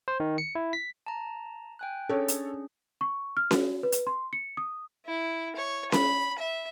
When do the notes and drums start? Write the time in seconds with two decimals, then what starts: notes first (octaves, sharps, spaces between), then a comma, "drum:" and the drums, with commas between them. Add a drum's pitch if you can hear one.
0.08 C5
0.20 D#3
0.38 C#7
0.55 E4
0.73 B6
1.06 A5 A#5
1.79 G5 G#5 F#6
2.09 C#4 D4 G#4 A4 C#5
2.28 drum: hi-hat
3.01 C#6
3.37 F6
3.51 F#4, drum: snare C#4
3.83 B4
3.92 drum: hi-hat
4.07 C6
4.33 C#7
4.57 D#6
5.06 E4
5.56 C#5
5.92 B5, drum: snare C#4
6.39 E5